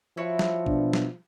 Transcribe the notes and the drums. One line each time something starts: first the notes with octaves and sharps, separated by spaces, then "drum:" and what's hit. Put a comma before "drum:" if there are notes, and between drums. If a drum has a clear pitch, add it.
F3 E4 F#4 C#5
drum: snare
B2 D4, drum: kick A#1
drum: snare